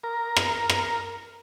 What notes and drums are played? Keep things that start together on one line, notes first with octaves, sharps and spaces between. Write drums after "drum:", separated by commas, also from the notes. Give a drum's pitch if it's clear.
A#4
drum: rim click
drum: rim click